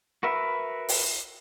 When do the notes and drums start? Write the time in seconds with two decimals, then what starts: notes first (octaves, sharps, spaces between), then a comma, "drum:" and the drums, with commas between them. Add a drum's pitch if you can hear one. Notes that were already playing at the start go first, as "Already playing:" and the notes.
0.23 F#4 A#4 B4 E5
0.89 drum: open hi-hat